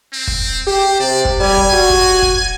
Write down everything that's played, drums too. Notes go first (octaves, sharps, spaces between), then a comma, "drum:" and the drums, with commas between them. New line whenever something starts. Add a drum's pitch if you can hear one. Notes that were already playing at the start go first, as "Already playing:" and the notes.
C4
drum: kick
G4 C5
C3 D5
drum: kick
G3 G#5
drum: kick
F#4
drum: kick
drum: kick